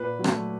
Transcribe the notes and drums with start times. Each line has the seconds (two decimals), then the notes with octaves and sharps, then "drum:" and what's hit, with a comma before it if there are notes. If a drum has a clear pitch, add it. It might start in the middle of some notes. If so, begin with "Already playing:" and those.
Already playing: A#2 B4
0.19 F#3
0.24 A3, drum: rim click